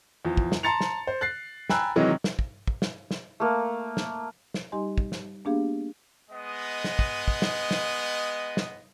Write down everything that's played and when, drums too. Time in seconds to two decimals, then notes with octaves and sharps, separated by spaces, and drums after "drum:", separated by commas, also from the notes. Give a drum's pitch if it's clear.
0.25 E2 F3
0.37 drum: kick
0.52 drum: snare
0.63 A5 A#5 C6 A6 C#7 F7
0.81 drum: snare
1.07 C5
1.21 F#6 A6 C7
1.70 G5 G#5 A#5 B5 E6 F#6, drum: snare
1.96 C3 D#3 E3 F#3 G#3
2.24 drum: snare
2.39 drum: kick
2.67 drum: kick
2.82 drum: snare
3.11 drum: snare
3.40 A3 A#3
3.97 drum: snare
4.54 drum: snare
4.72 G3 D#4 G4 D#5 G#5 C6
4.98 drum: kick
5.12 drum: snare
5.45 A#3 B3 D4 G4 G#4 F5
6.30 G#3 B3 D#5
6.84 drum: snare
6.99 drum: kick
7.28 drum: kick
7.42 drum: snare
7.71 drum: snare
8.57 drum: snare